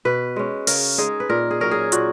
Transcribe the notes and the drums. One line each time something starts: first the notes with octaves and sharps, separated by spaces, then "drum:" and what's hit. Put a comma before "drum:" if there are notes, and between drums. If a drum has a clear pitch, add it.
B2 B4
G#3 C#4
C#3 A#4, drum: open hi-hat
G#3 D#4 G#4
B4
A#2 A#4
G#4
F#3 C#4 A#4
G#4
A#2 F#4, drum: hi-hat